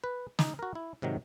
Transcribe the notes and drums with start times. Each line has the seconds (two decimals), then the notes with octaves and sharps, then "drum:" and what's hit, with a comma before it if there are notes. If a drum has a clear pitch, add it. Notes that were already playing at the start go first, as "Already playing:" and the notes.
0.04 B4
0.39 D#4, drum: snare
0.59 F#4 A#4
0.75 E4
1.02 G#2 C3 D#3 F#3